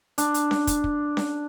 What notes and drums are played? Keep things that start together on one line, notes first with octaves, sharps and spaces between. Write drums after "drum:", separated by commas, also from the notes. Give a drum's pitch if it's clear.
D4, drum: hi-hat
drum: hi-hat
drum: snare C#4
drum: kick, hi-hat
drum: kick
drum: snare C#4